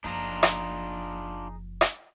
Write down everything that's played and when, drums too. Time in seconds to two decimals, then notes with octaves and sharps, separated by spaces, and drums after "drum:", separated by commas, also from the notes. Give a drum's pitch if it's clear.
0.04 F#1 F3 D4 D#4 F4 G#4 A#5
0.43 drum: rim click
1.81 drum: rim click